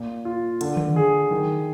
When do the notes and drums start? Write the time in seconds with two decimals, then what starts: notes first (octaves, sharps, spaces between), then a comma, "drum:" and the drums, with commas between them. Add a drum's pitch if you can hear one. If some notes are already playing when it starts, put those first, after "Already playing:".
Already playing: A#2
0.25 F4
0.61 D3, drum: hi-hat
0.77 drum: tom D3
0.96 G#4
1.31 D#3